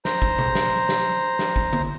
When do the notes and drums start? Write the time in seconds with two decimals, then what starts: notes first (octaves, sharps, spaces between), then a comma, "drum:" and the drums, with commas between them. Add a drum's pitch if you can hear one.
0.05 C5 A#5, drum: snare
0.22 drum: kick
0.39 drum: tom B2
0.55 drum: snare
0.89 drum: snare
1.39 drum: snare
1.56 drum: kick
1.73 drum: tom D3